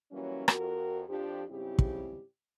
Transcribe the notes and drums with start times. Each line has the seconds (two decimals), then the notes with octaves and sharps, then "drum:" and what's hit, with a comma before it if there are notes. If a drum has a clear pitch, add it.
0.11 E3 F#3 G3 A#3 C#4
0.48 F2 F#4 A#4, drum: rim click
1.08 F2 F3 D4 G4
1.50 G#2 C#3 G3 C4 E4 G4
1.79 drum: kick